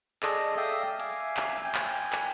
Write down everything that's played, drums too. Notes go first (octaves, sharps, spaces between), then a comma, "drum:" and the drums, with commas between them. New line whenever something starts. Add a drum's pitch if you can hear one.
G#4 A4 D5 D#5, drum: clap
D5 E5 F5 G5 D#6 E6
E5 F5 G#5 D6, drum: hi-hat
drum: clap
G5 G#5
drum: clap
drum: clap